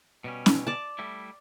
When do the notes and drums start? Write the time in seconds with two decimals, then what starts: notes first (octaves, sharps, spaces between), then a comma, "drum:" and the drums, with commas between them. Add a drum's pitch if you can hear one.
0.24 B2 G3 C#4
0.46 drum: snare C#4
0.67 D5 A5
0.99 G3 A3 E4